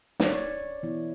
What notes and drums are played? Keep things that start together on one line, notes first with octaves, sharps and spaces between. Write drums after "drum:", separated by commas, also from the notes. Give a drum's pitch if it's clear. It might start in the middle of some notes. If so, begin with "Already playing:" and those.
D5, drum: snare
C#5
E3 B3 E4